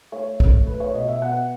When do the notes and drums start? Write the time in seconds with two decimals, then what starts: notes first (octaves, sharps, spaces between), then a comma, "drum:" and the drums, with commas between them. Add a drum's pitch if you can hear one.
0.12 A3 C#5
0.40 A3, drum: kick B1
0.67 A3 B4
0.80 C#5
0.94 B2 D#5
1.08 E5
1.22 B3 F#5